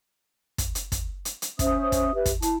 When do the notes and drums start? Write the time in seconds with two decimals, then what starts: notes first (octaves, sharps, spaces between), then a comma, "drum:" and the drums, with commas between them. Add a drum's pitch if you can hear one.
0.58 drum: kick, hi-hat
0.75 drum: hi-hat
0.92 drum: kick, hi-hat
1.25 drum: hi-hat
1.42 drum: hi-hat
1.59 C#4 C5 E5 D#6, drum: kick, hi-hat
1.92 drum: kick, hi-hat
2.14 G4 B4 E5
2.26 drum: kick, hi-hat
2.42 E4 A5, drum: hi-hat